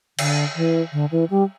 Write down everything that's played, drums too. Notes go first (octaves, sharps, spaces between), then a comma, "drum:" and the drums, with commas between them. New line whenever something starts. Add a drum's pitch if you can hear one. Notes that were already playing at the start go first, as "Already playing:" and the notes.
D3, drum: cymbal
E3
D3
E3
G3